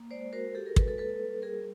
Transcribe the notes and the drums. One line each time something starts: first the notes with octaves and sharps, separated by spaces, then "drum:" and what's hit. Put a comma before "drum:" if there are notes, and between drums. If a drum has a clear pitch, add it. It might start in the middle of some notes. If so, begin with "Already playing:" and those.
Already playing: A#3
G#3 C5 D5
F#4 A#4 C5
F#4 G4 A4
G#4 A#4
G#3 A4 B4, drum: kick
A4 B4
A#3 A4 B4
G3
G3 G#4 A#4